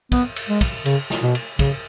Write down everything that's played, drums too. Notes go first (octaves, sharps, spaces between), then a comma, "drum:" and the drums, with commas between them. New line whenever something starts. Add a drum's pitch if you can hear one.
B3, drum: kick, cymbal
drum: cymbal
G#3
drum: kick, cymbal
C#3, drum: cymbal
drum: snare
B2
drum: cymbal
C#3, drum: kick, cymbal